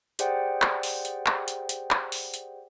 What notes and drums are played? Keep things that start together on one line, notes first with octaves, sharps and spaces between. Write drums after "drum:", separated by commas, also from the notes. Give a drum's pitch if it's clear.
G4 G#4 C5 D5 F#5 G5, drum: hi-hat
drum: clap
drum: open hi-hat
drum: hi-hat
drum: clap
drum: hi-hat
drum: hi-hat
drum: clap
drum: open hi-hat
drum: hi-hat